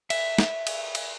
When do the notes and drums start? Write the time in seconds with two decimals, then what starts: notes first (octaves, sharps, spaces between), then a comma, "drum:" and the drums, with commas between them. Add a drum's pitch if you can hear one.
0.10 E5, drum: cymbal
0.38 drum: snare
0.67 drum: cymbal
0.95 drum: cymbal